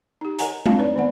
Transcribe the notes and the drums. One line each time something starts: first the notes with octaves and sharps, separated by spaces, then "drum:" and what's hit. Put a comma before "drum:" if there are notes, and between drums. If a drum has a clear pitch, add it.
D#4 G4
A#4 C#5 D#5 F#5 G#5 A#5, drum: hi-hat
A3 C4 D4 F5 A5, drum: tom G#3
D#4 B4 C#5 D5
D#3 B3 D5 F#5